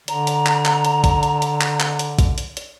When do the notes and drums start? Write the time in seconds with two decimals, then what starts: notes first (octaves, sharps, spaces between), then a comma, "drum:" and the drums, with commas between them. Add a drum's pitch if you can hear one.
0.08 D3 A#5, drum: hi-hat
0.27 drum: hi-hat
0.46 drum: clap
0.65 drum: clap
0.85 drum: hi-hat
1.04 drum: kick, hi-hat
1.23 drum: hi-hat
1.42 drum: hi-hat
1.61 drum: clap
1.80 drum: clap
1.99 drum: hi-hat
2.19 drum: kick, hi-hat
2.38 drum: hi-hat
2.57 drum: hi-hat